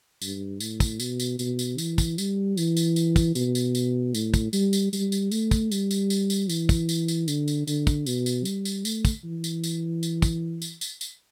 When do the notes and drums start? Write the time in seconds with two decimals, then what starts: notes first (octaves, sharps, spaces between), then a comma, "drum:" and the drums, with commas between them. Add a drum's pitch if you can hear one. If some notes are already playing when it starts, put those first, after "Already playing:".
0.22 G2, drum: tambourine
0.60 A2, drum: tambourine
0.80 drum: kick, tambourine
1.00 B2, drum: tambourine
1.20 drum: tambourine
1.39 B2, drum: tambourine
1.59 drum: tambourine
1.78 E3, drum: tambourine
1.98 drum: kick, tambourine
2.18 G3, drum: tambourine
2.57 E3, drum: tambourine
2.77 drum: tambourine
2.96 drum: tambourine
3.16 drum: kick, tambourine
3.35 B2, drum: tambourine
3.55 drum: tambourine
3.75 drum: tambourine
4.15 A2, drum: tambourine
4.34 drum: kick, tambourine
4.53 G3, drum: tambourine
4.73 drum: tambourine
4.93 G3, drum: tambourine
5.12 drum: tambourine
5.31 A3, drum: tambourine
5.51 drum: kick, tambourine
5.72 G3, drum: tambourine
5.91 drum: tambourine
6.10 drum: tambourine
6.30 drum: tambourine
6.49 E3, drum: tambourine
6.69 drum: kick, tambourine
6.89 drum: tambourine
7.08 drum: tambourine
7.28 D3, drum: tambourine
7.48 drum: tambourine
7.67 D3, drum: tambourine
7.87 drum: kick, tambourine
8.06 B2, drum: tambourine
8.26 drum: tambourine
8.45 G3, drum: tambourine
8.65 drum: tambourine
8.85 A3, drum: tambourine
9.05 drum: kick, tambourine
9.24 E3
9.44 drum: tambourine
9.64 drum: tambourine
10.03 drum: tambourine
10.22 drum: kick, tambourine
10.62 drum: tambourine
10.81 drum: tambourine
11.01 drum: tambourine